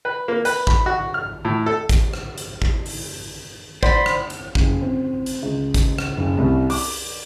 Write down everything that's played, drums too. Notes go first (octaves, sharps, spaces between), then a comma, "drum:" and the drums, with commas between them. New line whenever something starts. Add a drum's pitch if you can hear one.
B4
A#3
B4, drum: hi-hat
B5, drum: kick
F#4
F6
A2
A4
drum: kick, hi-hat
drum: rim click
drum: hi-hat
drum: kick
drum: open hi-hat
C5 D5 F#5 B5 C6, drum: kick
drum: rim click
drum: hi-hat
F#1, drum: kick
C4
drum: hi-hat
C#2
drum: kick, hi-hat
drum: rim click
F#1
C2
D6, drum: open hi-hat